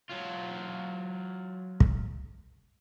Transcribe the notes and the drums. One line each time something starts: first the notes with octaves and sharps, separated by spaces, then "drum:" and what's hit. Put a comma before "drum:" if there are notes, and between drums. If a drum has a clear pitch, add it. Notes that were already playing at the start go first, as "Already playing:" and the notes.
F#3 F4
drum: kick